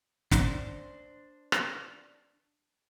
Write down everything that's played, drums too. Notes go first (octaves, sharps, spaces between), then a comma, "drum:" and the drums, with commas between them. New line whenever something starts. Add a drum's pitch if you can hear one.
D4 C5, drum: snare
drum: rim click